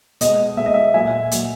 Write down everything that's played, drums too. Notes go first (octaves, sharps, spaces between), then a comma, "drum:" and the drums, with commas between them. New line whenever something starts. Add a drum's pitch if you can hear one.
B2 G#3 D#5, drum: hi-hat
B2 G#3 E5
D#5
E5
A#2 F#3 E5 G#5
A#2 F#3, drum: hi-hat